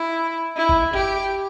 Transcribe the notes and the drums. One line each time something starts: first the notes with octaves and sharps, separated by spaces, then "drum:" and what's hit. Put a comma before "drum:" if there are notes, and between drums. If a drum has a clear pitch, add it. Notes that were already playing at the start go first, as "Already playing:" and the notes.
Already playing: E4
E4
drum: kick G1
G4